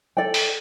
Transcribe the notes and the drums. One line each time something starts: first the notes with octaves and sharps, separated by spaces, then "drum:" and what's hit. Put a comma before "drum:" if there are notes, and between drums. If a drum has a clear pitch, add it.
A4 D5 G5
drum: open hi-hat